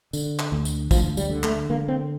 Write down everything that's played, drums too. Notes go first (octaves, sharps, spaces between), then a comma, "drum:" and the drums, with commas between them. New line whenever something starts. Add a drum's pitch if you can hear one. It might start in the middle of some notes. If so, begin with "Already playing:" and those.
D3, drum: tambourine
drum: clap
D2
drum: tambourine
D2 F3, drum: kick, tambourine
G3, drum: tambourine
D3
A3, drum: clap
D3 A#3
C4